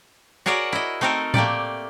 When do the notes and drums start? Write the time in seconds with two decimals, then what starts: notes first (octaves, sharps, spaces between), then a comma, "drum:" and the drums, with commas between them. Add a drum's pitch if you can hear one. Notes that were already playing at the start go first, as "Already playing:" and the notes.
0.46 F#4 G#4 A#4 C#5 D5 F#5
0.73 E4 D#5
1.01 A3 C4 D#4 A4 A#4
1.34 A3 A#3 G4 D5, drum: tom A2